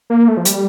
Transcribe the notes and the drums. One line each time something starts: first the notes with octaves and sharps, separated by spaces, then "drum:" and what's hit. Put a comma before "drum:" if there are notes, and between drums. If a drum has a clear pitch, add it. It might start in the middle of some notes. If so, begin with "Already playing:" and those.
A#3
A3
F3
G3, drum: hi-hat